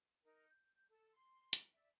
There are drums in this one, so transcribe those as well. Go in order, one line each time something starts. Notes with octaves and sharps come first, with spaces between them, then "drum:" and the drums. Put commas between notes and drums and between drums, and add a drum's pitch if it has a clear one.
D#4 A#4
G6
A4
C6
drum: hi-hat
D5 E5